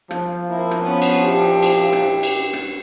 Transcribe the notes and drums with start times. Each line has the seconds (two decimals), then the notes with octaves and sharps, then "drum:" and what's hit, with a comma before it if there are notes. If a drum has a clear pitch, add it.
0.11 F3, drum: rim click
0.49 A#3 C4 E4
0.71 drum: rim click
0.82 B3 C#4
1.02 drum: cymbal
1.24 A#2 E4 G4
1.62 drum: cymbal
1.93 drum: rim click
2.23 drum: cymbal
2.53 drum: rim click